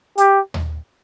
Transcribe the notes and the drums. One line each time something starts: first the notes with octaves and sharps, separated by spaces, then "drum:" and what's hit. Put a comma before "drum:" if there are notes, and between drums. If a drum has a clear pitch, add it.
G4, drum: hi-hat
drum: tom D#2